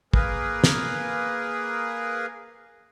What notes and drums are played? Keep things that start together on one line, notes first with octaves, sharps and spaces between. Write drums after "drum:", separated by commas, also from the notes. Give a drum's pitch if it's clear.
A#3 G#4 A#4 B4, drum: kick
drum: snare